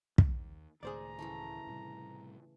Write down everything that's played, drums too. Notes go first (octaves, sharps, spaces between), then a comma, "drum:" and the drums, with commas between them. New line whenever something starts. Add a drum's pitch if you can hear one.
D#2, drum: kick
C#2 A2 D#3 G#4 C5 D5 A#5
C#3 E3 A3
A2 C3 G3